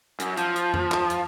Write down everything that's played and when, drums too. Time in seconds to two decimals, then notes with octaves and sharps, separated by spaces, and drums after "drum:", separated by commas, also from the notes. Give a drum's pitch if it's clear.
0.20 F#2, drum: hi-hat
0.37 F3, drum: hi-hat
0.56 drum: hi-hat
0.74 drum: tom F2
0.92 drum: clap
1.10 drum: hi-hat